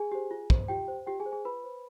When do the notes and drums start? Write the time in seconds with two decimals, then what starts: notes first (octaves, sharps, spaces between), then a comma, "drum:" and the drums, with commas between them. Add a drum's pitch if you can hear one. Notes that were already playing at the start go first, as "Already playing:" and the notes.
Already playing: G#4 G#5
0.12 G4 C5
0.31 F4
0.50 C5, drum: kick
0.68 F4 G4 G5
0.88 C5
1.06 F4 G4 G5
1.20 G#4 G#5
1.26 C5
1.32 G#4 G#5
1.45 F4 B4 B5
1.64 C5